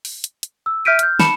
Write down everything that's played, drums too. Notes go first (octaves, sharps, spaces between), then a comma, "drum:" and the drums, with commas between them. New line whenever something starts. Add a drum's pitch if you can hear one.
drum: open hi-hat
drum: hi-hat
drum: hi-hat
E6
E5 F6 G6 B6 D7 D#7
F6 G6, drum: hi-hat
A5 B5 C#7 E7, drum: snare